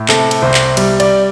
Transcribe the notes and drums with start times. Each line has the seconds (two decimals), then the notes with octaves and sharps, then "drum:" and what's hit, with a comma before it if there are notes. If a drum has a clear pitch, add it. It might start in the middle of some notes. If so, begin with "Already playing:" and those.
Already playing: A2
0.09 C3 A4, drum: clap
0.31 drum: cymbal
0.42 C2 C5
0.54 drum: clap
0.77 G3, drum: cymbal
1.00 D5, drum: cymbal